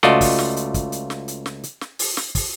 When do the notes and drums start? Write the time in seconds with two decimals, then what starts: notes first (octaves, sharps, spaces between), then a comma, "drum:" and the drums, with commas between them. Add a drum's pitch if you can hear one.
0.03 C#2 A3 F4 F#4 D5 D#5, drum: snare
0.21 drum: kick, open hi-hat
0.39 drum: snare
0.56 drum: hi-hat
0.74 drum: kick, hi-hat
0.92 drum: hi-hat
1.10 drum: snare
1.28 drum: hi-hat
1.46 drum: snare
1.63 drum: hi-hat
1.81 drum: snare
1.99 drum: open hi-hat
2.17 drum: snare
2.35 drum: kick, open hi-hat